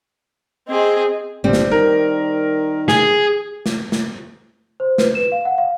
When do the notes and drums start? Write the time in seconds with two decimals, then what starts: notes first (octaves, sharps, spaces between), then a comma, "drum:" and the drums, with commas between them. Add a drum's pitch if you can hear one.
0.68 C4 G#4 D#5
1.44 G1 G3 C4
1.53 drum: snare
1.71 D#3 A#4
2.88 G#4, drum: snare
3.66 drum: snare
3.92 drum: snare
4.80 C5
4.98 B4, drum: snare
5.15 E7
5.32 F5
5.45 F#5
5.58 F5